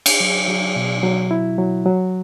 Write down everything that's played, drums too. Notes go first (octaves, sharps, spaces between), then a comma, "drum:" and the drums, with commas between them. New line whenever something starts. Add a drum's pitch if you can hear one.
drum: cymbal
F#3
F#3
B2
F#3
E4
F#3
F#3